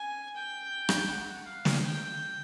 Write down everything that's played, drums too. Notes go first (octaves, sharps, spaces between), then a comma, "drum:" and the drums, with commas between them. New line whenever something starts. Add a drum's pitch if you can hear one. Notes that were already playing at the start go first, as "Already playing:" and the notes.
Already playing: G#5
G5
drum: rim click
F#5
F5
drum: snare
G5